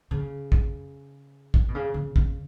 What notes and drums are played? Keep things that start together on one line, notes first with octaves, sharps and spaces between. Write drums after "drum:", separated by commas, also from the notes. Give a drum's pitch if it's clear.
C#3
drum: kick
drum: kick
B2
C#3
C#3
C#3, drum: kick